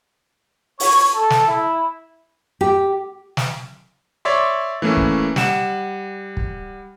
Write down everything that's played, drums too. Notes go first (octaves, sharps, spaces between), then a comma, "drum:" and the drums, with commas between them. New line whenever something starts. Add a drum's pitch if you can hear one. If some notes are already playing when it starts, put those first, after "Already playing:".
C#5, drum: open hi-hat
A4
drum: snare
E4
G4
drum: snare
C#5 D5 E5 C6
E3 A3 A#3 C#4
drum: kick
G3 F#5 E7, drum: snare
drum: kick